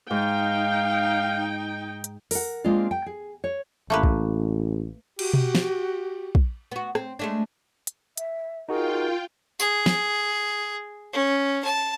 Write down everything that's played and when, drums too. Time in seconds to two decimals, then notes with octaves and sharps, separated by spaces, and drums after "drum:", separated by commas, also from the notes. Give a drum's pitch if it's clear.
0.11 G#2 D#4 F5 G5
2.04 drum: hi-hat
2.31 A#4 F#5, drum: open hi-hat
2.64 G#3 A#3 C4 D4 F4
2.91 G5
3.06 G#4
3.44 C#5
3.90 A1 A3 A#3 B4
4.03 drum: kick
5.19 F#4 G4, drum: cymbal
5.34 drum: tom B2
5.55 drum: snare
6.35 drum: kick
6.72 B3 F#4
6.95 C4, drum: rim click
7.19 G#3 A3 D4
7.87 drum: hi-hat
8.17 E5, drum: hi-hat
8.69 D#4 F4 F#4 G#4 A#4 G5
9.60 G#4, drum: tambourine
9.86 drum: snare
11.13 C#4
11.65 A5